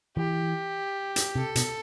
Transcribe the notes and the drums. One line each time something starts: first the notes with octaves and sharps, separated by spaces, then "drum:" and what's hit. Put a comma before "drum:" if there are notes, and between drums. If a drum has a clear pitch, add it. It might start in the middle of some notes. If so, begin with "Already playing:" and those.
E3 G4
drum: hi-hat
C3 A4
B2, drum: hi-hat